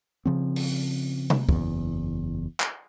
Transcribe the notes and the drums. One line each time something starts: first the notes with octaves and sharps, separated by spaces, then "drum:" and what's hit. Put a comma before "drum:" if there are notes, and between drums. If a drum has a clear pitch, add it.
C#3 F3 C4
drum: open hi-hat
drum: tom C3
F#1 E2, drum: kick
drum: clap